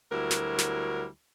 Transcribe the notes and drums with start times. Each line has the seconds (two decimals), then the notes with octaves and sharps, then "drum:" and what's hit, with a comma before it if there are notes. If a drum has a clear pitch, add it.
0.12 D2 D3 F#3 G3 E4 A#4
0.31 drum: snare
0.58 drum: snare